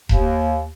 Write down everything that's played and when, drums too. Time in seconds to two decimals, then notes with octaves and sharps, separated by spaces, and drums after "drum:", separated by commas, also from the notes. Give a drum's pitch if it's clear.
0.09 D#2, drum: kick E1